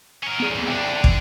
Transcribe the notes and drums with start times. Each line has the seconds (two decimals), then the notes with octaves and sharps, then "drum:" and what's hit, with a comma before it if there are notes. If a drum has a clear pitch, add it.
0.23 C#4 A#4
0.40 B3 G#4
0.55 G#2 E3
0.68 D3 D4 D5 E5 G5
1.04 drum: kick